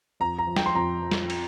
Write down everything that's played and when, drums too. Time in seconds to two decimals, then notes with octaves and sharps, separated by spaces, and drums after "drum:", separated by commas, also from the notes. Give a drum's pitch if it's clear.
0.20 F2 A#5
0.39 A#5
0.47 F3
0.56 G5, drum: snare
0.66 C6
0.75 F2 A#5
1.02 F3
1.11 drum: snare
1.30 drum: cymbal